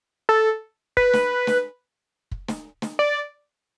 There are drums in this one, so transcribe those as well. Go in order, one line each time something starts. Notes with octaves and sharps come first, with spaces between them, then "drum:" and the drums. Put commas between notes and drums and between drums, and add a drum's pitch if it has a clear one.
A4
B4, drum: kick
drum: snare
drum: snare
drum: kick
drum: snare
drum: snare
D5